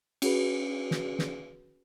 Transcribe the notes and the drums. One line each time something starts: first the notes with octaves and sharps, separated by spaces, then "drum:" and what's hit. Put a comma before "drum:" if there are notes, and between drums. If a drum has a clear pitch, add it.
C#4 F#4 G#4 B4, drum: cymbal
drum: snare
drum: snare